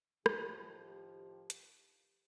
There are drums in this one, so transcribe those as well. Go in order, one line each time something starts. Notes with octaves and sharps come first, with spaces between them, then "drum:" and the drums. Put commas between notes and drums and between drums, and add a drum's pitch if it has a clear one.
A2 D#3 F3 G4, drum: rim click
drum: hi-hat